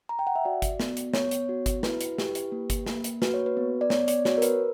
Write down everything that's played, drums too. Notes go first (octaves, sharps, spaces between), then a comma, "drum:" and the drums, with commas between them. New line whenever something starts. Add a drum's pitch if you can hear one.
A#5
G5
F#5
E5
F#4 D5
drum: kick G1, hi-hat
B3, drum: snare
drum: hi-hat
B3 C#5, drum: snare
drum: hi-hat
F#4
drum: kick G1, hi-hat
E4 B4, drum: snare
drum: hi-hat
G4, drum: snare
drum: hi-hat
A#3
drum: kick G1, hi-hat
A#3, drum: snare
drum: hi-hat
F#4 B4, drum: snare
C#5
B4
B3
D5
B3 C#5, drum: snare
D5, drum: hi-hat
F#4 C#5, drum: snare
A#4
B4, drum: hi-hat